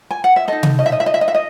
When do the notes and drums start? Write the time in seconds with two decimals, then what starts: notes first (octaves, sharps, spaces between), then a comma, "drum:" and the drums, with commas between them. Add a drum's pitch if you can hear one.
0.11 G#5
0.24 F#5
0.36 E5
0.48 D#4 A4 D#5
0.63 drum: tom C3
0.79 D#5
0.86 E5
0.92 D#5
1.00 E5
1.06 D#5
1.14 E5
1.21 D#5
1.28 E5
1.35 D#5